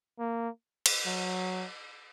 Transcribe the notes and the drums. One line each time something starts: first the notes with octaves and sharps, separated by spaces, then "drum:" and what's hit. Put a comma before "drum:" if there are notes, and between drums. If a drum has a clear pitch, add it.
A#3
drum: cymbal
F#3